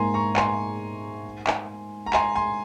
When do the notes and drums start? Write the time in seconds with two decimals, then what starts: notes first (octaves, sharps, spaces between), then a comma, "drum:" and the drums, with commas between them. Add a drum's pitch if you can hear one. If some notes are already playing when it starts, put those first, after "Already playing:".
Already playing: G#2 A#3 G#5 A#5 C6
0.14 A#5 C#6
0.36 G#5 C6, drum: clap
1.47 drum: clap
2.06 A#5
2.13 G#5 C6, drum: clap
2.35 G#5 C6